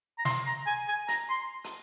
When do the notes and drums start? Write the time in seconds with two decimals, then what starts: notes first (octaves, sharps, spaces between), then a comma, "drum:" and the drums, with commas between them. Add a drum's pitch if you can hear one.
0.18 A#5
0.25 C6, drum: snare
0.47 A#5
0.67 G#5
0.88 G#5
1.08 A#5, drum: hi-hat
1.30 C6
1.64 drum: hi-hat